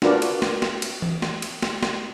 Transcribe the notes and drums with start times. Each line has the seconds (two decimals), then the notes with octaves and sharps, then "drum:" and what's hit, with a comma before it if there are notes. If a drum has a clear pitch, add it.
0.02 D4 F4 F#4 A#4 B4 D5, drum: snare
0.22 drum: cymbal
0.42 drum: snare
0.62 drum: snare
0.82 drum: cymbal
1.02 drum: tom E3
1.22 drum: snare
1.42 drum: cymbal
1.62 drum: snare
1.83 drum: snare